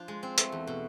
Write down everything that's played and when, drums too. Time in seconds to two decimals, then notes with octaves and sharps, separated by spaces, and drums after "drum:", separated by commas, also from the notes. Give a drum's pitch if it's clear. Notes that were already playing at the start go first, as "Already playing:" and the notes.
Already playing: F3 D4 F4
0.08 G#3
0.23 C4
0.38 A3, drum: hi-hat
0.52 E2
0.67 B2